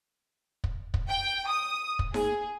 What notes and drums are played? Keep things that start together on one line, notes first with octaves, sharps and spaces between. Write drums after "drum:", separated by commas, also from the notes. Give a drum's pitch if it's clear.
drum: kick
drum: kick
G5
D#6
drum: kick
G#4, drum: snare D#4